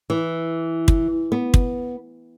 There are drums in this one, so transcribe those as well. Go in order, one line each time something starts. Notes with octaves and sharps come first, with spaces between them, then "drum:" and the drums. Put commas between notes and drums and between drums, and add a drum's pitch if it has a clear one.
E3
drum: kick
B3
drum: kick